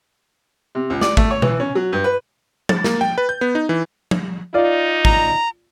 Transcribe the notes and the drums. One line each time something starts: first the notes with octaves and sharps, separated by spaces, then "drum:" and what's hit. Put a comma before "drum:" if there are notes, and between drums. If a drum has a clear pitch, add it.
C3
C#2
D5, drum: snare
A3, drum: kick G#1
C#5
E3, drum: tom B2
C#4
F#3
G2
B4
A6, drum: tom F3
A#3, drum: snare
G5
B4
G6
B3
D#4
E3
drum: tom F3
D#4 F4 D5
A#5, drum: kick G#1